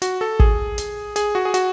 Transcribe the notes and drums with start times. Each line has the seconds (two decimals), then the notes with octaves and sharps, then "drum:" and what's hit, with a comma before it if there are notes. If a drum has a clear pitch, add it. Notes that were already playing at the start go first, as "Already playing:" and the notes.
0.02 F#4, drum: hi-hat
0.21 A4
0.40 G#4, drum: kick
0.78 drum: hi-hat
1.16 G#4, drum: hi-hat
1.35 F#4
1.45 G#4
1.54 F#4, drum: hi-hat